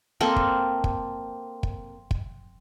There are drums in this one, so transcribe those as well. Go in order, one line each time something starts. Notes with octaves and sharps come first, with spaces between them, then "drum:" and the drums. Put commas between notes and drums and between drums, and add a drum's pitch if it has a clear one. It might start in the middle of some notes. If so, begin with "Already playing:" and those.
A#3 C4 A4 A#4
drum: kick
drum: kick
drum: kick
drum: kick